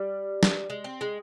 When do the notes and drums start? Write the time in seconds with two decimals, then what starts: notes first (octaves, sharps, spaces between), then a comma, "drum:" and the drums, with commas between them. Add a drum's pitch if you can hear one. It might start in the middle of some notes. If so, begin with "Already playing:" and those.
Already playing: G3
0.43 drum: snare
0.70 G#3
0.84 C4
1.01 G#3